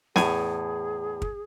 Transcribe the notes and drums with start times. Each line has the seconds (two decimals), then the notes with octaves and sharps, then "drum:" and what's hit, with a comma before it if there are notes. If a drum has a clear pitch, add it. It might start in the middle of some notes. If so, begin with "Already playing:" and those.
0.16 E2 A2 G#4 G#5, drum: snare
1.22 drum: kick